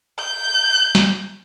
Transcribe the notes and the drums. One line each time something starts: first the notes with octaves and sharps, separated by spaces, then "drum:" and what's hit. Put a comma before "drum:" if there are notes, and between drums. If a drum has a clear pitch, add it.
G6
drum: snare